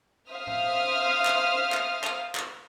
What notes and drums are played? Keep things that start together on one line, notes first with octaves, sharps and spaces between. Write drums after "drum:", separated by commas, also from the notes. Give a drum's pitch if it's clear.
C5 E5 F5 D#6 F6
drum: tom A2
drum: clap
drum: clap
drum: clap
drum: clap